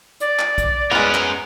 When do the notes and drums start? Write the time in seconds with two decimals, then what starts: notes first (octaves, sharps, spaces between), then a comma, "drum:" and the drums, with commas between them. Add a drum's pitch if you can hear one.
0.20 D5, drum: hi-hat
0.39 drum: clap
0.58 drum: kick B1, hi-hat
0.91 G#3 B3 C#4 A#4
1.14 drum: clap